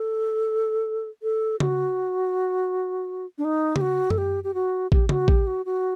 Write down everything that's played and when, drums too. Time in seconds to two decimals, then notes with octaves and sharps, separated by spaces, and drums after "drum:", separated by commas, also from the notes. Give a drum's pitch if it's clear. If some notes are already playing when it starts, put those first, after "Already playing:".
Already playing: A4
1.23 A4
1.60 F#4, drum: tom C#3
3.38 D4
3.45 D#4
3.76 G4, drum: tom C#3
3.81 F#4
4.10 A4, drum: tom F#2
4.18 G4
4.44 G4
4.54 F#4
4.92 G4, drum: kick
5.09 F#4, drum: tom C#3
5.28 G4, drum: kick
5.47 F#4
5.66 F#4